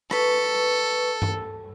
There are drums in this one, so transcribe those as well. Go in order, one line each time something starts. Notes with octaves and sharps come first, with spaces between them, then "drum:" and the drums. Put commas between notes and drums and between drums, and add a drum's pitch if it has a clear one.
A4 B4 C#6, drum: rim click
drum: tom G2